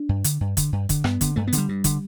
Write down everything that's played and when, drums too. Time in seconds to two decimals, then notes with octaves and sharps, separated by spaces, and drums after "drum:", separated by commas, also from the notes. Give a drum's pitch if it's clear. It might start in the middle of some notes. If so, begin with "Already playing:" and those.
Already playing: D4
0.09 G2
0.24 D3, drum: hi-hat
0.41 G2
0.57 D3, drum: kick, hi-hat
0.72 G2
0.89 D3, drum: kick, hi-hat
1.04 G2 B3, drum: rim click
1.21 D3, drum: kick, hi-hat
1.36 G2 A3
1.47 B3
1.53 D3, drum: hi-hat
1.58 G3
1.69 G2
1.84 D3, drum: kick, hi-hat